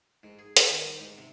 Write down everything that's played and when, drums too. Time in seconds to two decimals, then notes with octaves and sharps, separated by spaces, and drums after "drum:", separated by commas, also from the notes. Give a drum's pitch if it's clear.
0.23 G#2
0.39 G#4
0.57 G4, drum: hi-hat
0.71 D#3
0.85 G3
1.00 G#2
1.18 C3